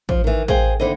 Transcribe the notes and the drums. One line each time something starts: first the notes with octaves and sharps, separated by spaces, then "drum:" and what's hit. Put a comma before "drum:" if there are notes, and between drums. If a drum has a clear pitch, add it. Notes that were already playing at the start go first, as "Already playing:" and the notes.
F3, drum: kick
D#3 E3
G#4 C5 F5 G5, drum: kick
D#2 D3 E4 C5 D#5